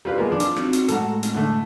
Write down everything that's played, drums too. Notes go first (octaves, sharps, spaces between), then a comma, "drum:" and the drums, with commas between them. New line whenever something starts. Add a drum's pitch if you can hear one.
G3 F4 B4
B2 G#3 A#3 F4
F3 D4
drum: hi-hat
C4 D#4 F#4, drum: rim click
drum: hi-hat
A2 G#3 F#4 A4 A#5, drum: hi-hat
drum: hi-hat
D3 A3